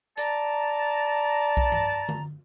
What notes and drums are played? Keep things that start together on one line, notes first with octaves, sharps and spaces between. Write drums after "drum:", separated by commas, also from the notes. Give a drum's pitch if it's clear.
D5 A5 A#5, drum: hi-hat
drum: kick B1
drum: tom G2
drum: tom D3